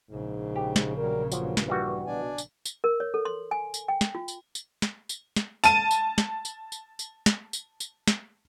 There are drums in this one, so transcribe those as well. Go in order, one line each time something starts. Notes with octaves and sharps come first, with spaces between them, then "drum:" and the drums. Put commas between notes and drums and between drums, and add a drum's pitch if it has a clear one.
A#1 G#2 C#3
G4
drum: snare
F#3 G3 A#4
G2 A#2 F3 F#3, drum: tambourine
drum: snare
E3 G3 F#4
B2 D4 D5 G#5
drum: tambourine
drum: tambourine
A#4
C#5
A4
C6
G#5
drum: tambourine
G5
drum: snare
F4
drum: tambourine
drum: tambourine
drum: snare
drum: tambourine
drum: snare
A5 D#7, drum: tambourine
drum: tambourine
drum: snare
drum: tambourine
drum: tambourine
drum: tambourine
drum: snare
drum: tambourine
drum: tambourine
drum: snare